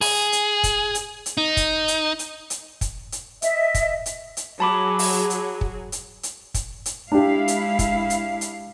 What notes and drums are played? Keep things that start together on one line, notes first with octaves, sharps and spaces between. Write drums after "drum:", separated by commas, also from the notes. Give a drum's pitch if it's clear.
G#4, drum: open hi-hat
drum: hi-hat
drum: kick, hi-hat
drum: hi-hat
drum: hi-hat
D#4
drum: kick, hi-hat
drum: hi-hat
drum: hi-hat
drum: hi-hat
drum: kick, hi-hat
drum: hi-hat
D#5 E5, drum: hi-hat
drum: kick, hi-hat
drum: hi-hat
drum: hi-hat
F#3 G#4 A5 B5 D6
drum: open hi-hat
drum: hi-hat
drum: kick
drum: hi-hat
drum: hi-hat
drum: kick, hi-hat
drum: hi-hat
G#3 D4 E4 G4 F5
drum: hi-hat
drum: kick, hi-hat
drum: hi-hat
drum: hi-hat